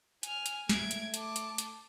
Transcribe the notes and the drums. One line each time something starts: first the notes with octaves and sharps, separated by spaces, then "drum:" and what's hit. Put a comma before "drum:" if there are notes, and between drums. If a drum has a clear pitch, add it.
G#5 F6, drum: hi-hat
drum: hi-hat
A3 G#6 D7, drum: snare
drum: hi-hat
A5 D6, drum: hi-hat
drum: hi-hat
drum: hi-hat